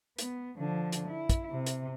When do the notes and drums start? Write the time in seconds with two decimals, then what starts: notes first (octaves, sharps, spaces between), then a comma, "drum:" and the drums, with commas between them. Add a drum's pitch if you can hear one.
0.18 B3, drum: hi-hat
0.59 D3 F3
0.92 drum: hi-hat
1.08 E4
1.29 drum: kick, hi-hat
1.51 C3
1.66 drum: hi-hat